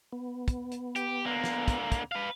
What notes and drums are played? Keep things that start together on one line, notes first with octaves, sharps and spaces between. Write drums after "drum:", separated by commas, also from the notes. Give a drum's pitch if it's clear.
B3
drum: kick, hi-hat
drum: hi-hat
G4, drum: hi-hat
D3 A#3
drum: snare
drum: kick, hi-hat
drum: kick, hi-hat
B4 F5